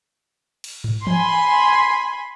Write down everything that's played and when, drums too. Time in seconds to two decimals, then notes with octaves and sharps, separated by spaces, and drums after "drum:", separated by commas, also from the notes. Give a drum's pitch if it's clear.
0.64 drum: cymbal
0.84 drum: tom
1.07 G#5 B5 C6, drum: tom E3